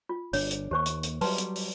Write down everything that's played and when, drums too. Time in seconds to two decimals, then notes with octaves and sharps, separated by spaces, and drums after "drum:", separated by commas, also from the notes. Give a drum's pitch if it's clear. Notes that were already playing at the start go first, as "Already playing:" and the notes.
0.09 F4
0.33 G1 D4 C#5, drum: open hi-hat
0.51 drum: hi-hat
0.71 D#2 G4 C5 C#6
0.86 drum: hi-hat
1.03 drum: hi-hat
1.21 F#3 G3 B4 A5 C6, drum: open hi-hat
1.38 drum: hi-hat
1.56 drum: open hi-hat